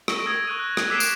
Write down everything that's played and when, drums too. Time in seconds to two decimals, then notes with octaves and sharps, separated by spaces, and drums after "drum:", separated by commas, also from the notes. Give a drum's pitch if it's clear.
0.08 C#6 E6 A#6 D7 D#7, drum: rim click
0.25 D#6 E6 G#6 A#6
0.47 C#6 F#6 D#7
0.59 F#6
0.77 drum: rim click
0.90 D6 E6 B6 C7 D7 E7
1.00 drum: tambourine